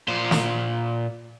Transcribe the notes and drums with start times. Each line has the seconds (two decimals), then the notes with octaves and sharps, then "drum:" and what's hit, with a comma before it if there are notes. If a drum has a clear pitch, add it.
0.08 A#2 C5
0.31 drum: snare